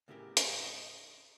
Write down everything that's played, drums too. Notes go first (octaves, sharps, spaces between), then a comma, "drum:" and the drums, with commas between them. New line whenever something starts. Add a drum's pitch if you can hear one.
A2 C#3 B3 E4 G4 A#4
drum: hi-hat
D#5